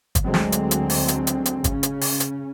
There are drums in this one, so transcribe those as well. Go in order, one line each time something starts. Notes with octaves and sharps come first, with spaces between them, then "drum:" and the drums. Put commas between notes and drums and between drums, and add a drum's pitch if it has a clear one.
drum: kick, hi-hat
D2 D3 F#3 G#3 C4
drum: snare
drum: hi-hat
drum: hi-hat
drum: open hi-hat
drum: hi-hat
drum: hi-hat
drum: hi-hat
C#3 C#4, drum: kick, hi-hat
drum: hi-hat
drum: open hi-hat
drum: hi-hat